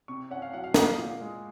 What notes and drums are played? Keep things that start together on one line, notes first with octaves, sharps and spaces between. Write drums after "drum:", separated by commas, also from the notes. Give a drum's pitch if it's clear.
C3 C#6
C#4 F#5
F5
F#3 F#5
F5
C3 D#5, drum: snare
F5
A#2
G#3